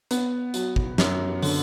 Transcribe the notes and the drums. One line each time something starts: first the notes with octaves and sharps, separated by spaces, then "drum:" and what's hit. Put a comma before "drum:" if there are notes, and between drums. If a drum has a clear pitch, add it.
B3, drum: hi-hat
F#3, drum: hi-hat
drum: kick
F#2, drum: snare
D3, drum: open hi-hat